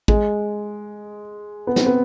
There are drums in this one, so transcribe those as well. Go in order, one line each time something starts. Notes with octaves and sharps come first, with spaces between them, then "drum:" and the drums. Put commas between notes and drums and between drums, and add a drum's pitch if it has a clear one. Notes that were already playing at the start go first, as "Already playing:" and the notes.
G#3, drum: kick
B3
C4, drum: snare
B3